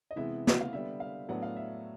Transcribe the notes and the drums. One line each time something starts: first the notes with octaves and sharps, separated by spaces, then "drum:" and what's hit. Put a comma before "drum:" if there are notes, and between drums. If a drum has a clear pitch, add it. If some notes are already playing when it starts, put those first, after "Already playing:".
D#5
C3 E3 G#3 B3 E4 E5
F#5, drum: snare
F5
D3 G3 B3 E5
F5
A2 F#3 B3 D4 F#5
F5
E5